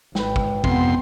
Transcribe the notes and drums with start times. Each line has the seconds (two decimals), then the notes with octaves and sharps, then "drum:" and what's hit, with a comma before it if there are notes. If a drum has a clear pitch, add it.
0.15 G#1 B4 G5, drum: snare
0.36 drum: kick
0.64 F2 C3 B3 C6, drum: kick